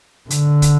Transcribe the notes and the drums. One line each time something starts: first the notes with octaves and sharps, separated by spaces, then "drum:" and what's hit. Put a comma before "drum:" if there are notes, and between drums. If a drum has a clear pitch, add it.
D3, drum: hi-hat
drum: kick, hi-hat